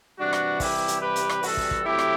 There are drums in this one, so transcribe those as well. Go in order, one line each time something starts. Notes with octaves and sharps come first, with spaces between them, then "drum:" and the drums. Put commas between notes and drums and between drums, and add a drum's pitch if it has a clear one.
C3 E3 G3 D4 F#4
drum: rim click
E4 G4, drum: kick, open hi-hat
drum: hi-hat
G4 B4
drum: hi-hat
drum: rim click
F#4 A4, drum: open hi-hat
drum: kick
drum: kick
C3 F#3 A3 E4 G4
drum: rim click